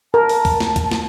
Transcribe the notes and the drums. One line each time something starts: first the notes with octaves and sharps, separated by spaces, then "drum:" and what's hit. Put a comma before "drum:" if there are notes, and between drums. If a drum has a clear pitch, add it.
A#4 A5
drum: open hi-hat
drum: kick, open hi-hat
drum: snare
drum: kick, hi-hat
drum: snare